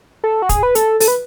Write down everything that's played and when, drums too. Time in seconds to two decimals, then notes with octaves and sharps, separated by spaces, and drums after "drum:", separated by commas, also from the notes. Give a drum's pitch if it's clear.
0.24 A4
0.42 F#4
0.49 G#4, drum: kick, hi-hat
0.63 B4
0.75 A4, drum: hi-hat
1.00 A4, drum: open hi-hat
1.08 B4